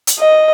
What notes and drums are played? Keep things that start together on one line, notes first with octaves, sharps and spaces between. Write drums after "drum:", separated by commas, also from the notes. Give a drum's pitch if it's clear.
drum: hi-hat
D#5